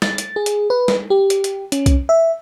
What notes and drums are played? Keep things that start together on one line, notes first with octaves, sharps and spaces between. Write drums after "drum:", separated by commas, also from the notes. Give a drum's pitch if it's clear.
A6, drum: snare
drum: hi-hat
G#4
drum: hi-hat
B4
drum: snare
G4
drum: hi-hat
drum: hi-hat
C#4, drum: hi-hat
drum: kick, hi-hat
E5